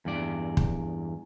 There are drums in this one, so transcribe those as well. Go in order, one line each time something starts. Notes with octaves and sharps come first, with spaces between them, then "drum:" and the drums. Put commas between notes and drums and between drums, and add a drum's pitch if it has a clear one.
E2 G2 D5
drum: kick